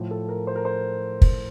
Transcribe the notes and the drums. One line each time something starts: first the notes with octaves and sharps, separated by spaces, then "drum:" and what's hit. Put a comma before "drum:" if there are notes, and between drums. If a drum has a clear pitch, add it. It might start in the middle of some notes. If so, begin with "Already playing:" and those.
Already playing: A2 F3
A4
A#4
C5
A#4
C5
drum: kick